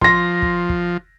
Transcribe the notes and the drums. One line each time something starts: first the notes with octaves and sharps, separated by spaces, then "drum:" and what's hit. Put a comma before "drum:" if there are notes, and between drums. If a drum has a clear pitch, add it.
F3 C6 A#6, drum: kick
drum: kick
drum: kick